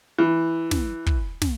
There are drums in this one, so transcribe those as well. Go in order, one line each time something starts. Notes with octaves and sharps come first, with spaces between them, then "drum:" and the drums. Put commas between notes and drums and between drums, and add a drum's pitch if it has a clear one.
E3
drum: snare
drum: kick
drum: snare